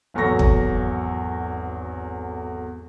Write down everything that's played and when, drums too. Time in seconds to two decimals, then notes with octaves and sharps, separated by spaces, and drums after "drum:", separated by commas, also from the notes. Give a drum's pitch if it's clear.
0.14 G#1 E2 F#3 A4 C#6 A#6
0.39 drum: kick